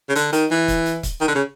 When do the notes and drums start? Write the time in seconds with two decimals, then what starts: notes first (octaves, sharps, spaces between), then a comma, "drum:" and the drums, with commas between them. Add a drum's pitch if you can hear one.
0.09 C#3
0.15 D3, drum: hi-hat
0.33 D#3, drum: hi-hat
0.51 E3
0.68 drum: kick C#1, hi-hat
0.86 drum: hi-hat
1.03 drum: kick C#1, hi-hat
1.21 D#3
1.28 D3
1.35 C#3